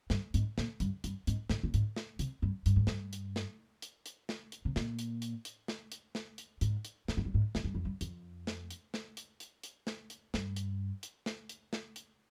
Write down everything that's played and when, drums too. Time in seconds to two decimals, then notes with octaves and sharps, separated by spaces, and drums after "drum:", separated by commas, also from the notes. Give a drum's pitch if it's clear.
0.10 G2, drum: snare
0.34 G#2, drum: hi-hat
0.58 A#2, drum: snare
0.80 G2, drum: hi-hat
1.04 G2, drum: hi-hat
1.27 G#2, drum: hi-hat
1.49 G#2, drum: snare
1.63 A#2
1.74 G#2, drum: hi-hat
1.96 drum: snare
2.19 C3, drum: hi-hat
2.42 G2
2.66 G2, drum: hi-hat
2.76 G#2
2.87 G2, drum: snare
3.13 drum: hi-hat
3.36 drum: snare
3.82 drum: hi-hat
4.06 drum: hi-hat
4.29 drum: snare
4.52 drum: hi-hat
4.65 C3
4.76 A#2, drum: snare
4.99 drum: hi-hat
5.22 drum: hi-hat
5.45 drum: hi-hat
5.68 drum: snare
5.92 drum: hi-hat
6.15 drum: snare
6.38 drum: hi-hat
6.61 G#2, drum: hi-hat
6.85 drum: hi-hat
7.08 A#2, drum: snare
7.17 G#2
7.25 G2
7.34 G#2
7.55 G#2, drum: snare
7.64 G2
7.74 F2
7.85 G2
8.01 F2, drum: hi-hat
8.47 drum: snare
8.71 drum: hi-hat
8.94 drum: snare
9.17 drum: hi-hat
9.40 drum: hi-hat
9.63 drum: hi-hat
9.87 drum: snare
10.10 drum: hi-hat
10.34 G2, drum: snare
10.56 drum: hi-hat
11.03 drum: hi-hat
11.26 drum: snare
11.49 drum: hi-hat
11.73 drum: snare
11.96 drum: hi-hat